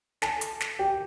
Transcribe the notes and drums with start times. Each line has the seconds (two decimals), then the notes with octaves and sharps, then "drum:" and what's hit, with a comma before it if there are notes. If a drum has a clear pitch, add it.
0.22 A4 A5, drum: snare
0.41 drum: hi-hat
0.60 drum: snare
0.79 G4 G5